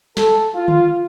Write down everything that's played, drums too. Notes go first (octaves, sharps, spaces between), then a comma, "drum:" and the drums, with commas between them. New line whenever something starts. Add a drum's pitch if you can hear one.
A4, drum: snare
F4
drum: tom